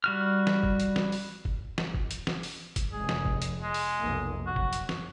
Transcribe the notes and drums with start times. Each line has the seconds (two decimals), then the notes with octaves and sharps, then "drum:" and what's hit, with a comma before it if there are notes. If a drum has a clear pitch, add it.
0.04 G3 F#4 F6
0.47 drum: snare
0.63 drum: kick
0.80 drum: hi-hat
0.96 drum: snare
1.12 drum: open hi-hat
1.45 drum: kick
1.78 drum: snare
1.94 drum: kick
2.11 drum: hi-hat
2.27 drum: snare
2.43 drum: open hi-hat
2.76 drum: kick, hi-hat
2.92 F1 G#3 G#4
3.09 drum: snare
3.25 drum: kick
3.42 drum: hi-hat
3.62 G#3
3.74 drum: open hi-hat
4.00 F1 B1 A#3
4.46 F#2 F#4
4.56 drum: kick
4.73 drum: hi-hat
4.89 drum: snare